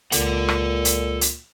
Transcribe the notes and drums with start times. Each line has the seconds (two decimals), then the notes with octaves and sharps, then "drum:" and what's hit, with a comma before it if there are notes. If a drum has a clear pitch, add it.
0.12 C#2 A#2 A4 F#5, drum: hi-hat
0.48 drum: rim click
0.85 drum: hi-hat
1.21 drum: hi-hat